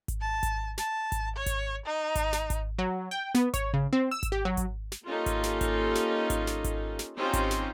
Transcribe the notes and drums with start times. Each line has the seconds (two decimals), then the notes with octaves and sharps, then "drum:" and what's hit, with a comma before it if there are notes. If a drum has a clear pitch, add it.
0.08 drum: kick G#1, hi-hat
0.21 A5
0.43 drum: kick G#1, hi-hat
0.78 A5, drum: snare
1.12 drum: kick G#1, hi-hat
1.36 C#5
1.46 drum: kick G#1, hi-hat
1.86 D#4
2.15 drum: kick G#1, hi-hat
2.33 drum: snare
2.50 drum: kick G#1, hi-hat
2.79 F#3
3.11 G5
3.35 B3, drum: snare
3.54 C#5, drum: kick G#1, hi-hat
3.74 C#3
3.93 C4
4.11 E6
4.23 drum: kick G#1, hi-hat
4.32 G4
4.45 F#3
4.57 drum: kick G#1, hi-hat
4.92 drum: snare
5.04 A#3 C#4 D#4 F4 G4 A4
5.26 drum: kick G#1, hi-hat
5.44 drum: snare
5.61 drum: kick G#1, hi-hat
5.95 drum: snare
6.30 drum: kick G#1, hi-hat
6.47 drum: snare
6.64 drum: kick G#1, hi-hat
6.99 drum: snare
7.18 C4 C#4 D#4 F4 G4 C5
7.33 drum: kick G#1, hi-hat
7.51 drum: snare